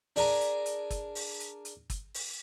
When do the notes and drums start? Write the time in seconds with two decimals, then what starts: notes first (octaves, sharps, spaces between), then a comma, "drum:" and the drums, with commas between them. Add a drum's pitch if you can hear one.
0.16 D4 G#4 A#4 A#5, drum: open hi-hat
0.41 drum: hi-hat
0.66 drum: hi-hat
0.90 drum: kick, hi-hat
1.15 drum: open hi-hat
1.40 drum: hi-hat
1.65 drum: hi-hat
1.90 drum: kick, hi-hat
2.14 drum: open hi-hat